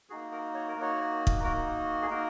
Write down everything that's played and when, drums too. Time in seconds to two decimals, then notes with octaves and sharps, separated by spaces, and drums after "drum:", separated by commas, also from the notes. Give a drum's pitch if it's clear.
0.09 A#3 D#4 F#4 G#4
0.32 A#4
0.54 C#5
0.68 A#4
0.77 A#3 D#4 F#4 C#5
1.27 drum: kick
1.43 A#3 D#4 F#4 A#4
2.02 G#4
2.10 A#3 D#4 F#4 A#4